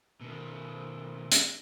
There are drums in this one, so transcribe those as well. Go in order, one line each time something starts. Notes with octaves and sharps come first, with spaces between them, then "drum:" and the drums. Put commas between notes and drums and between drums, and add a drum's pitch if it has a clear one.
B2 D#3
drum: hi-hat